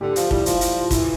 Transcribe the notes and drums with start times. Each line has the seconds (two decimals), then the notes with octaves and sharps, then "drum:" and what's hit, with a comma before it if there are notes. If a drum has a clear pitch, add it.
0.01 D3 G4
0.16 F3 F4, drum: hi-hat
0.31 G3 E4, drum: kick
0.46 F3 F4, drum: hi-hat
0.61 drum: hi-hat
0.81 F4
0.91 E3 E4, drum: kick, hi-hat